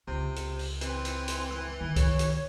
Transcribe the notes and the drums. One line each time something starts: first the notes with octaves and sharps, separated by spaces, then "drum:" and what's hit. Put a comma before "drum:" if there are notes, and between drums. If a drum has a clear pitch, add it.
C#2 C3
drum: hi-hat
drum: open hi-hat
E3 C4, drum: hi-hat
drum: hi-hat
drum: hi-hat
drum: rim click
D#3
C#5, drum: kick C2, hi-hat
drum: hi-hat